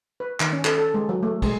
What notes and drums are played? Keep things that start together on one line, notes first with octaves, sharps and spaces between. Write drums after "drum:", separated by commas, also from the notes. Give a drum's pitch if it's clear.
B4
D#3, drum: clap
C#4
A4, drum: clap
A4
G#3
F#3
A3
G#3, drum: kick, cymbal